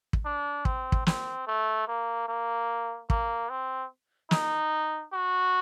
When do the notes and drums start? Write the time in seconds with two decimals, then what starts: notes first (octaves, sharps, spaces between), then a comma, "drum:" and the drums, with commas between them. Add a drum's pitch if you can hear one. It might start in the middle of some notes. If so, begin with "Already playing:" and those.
0.13 drum: kick
0.25 D4
0.65 C4, drum: kick
0.92 drum: kick
1.07 C4, drum: snare
1.47 A3
1.87 A#3
2.28 A#3
3.10 A#3, drum: kick
3.50 C4
4.31 D#4, drum: snare
5.13 F#4